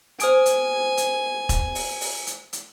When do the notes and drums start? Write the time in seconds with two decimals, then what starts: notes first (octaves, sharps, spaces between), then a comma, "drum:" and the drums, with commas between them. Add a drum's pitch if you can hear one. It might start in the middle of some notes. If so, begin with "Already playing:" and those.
0.20 C5 G#5 D#6 D7, drum: hi-hat
0.46 drum: hi-hat
0.97 drum: hi-hat
1.49 drum: kick E1, hi-hat
1.75 drum: open hi-hat
2.01 drum: open hi-hat
2.27 drum: hi-hat
2.53 drum: hi-hat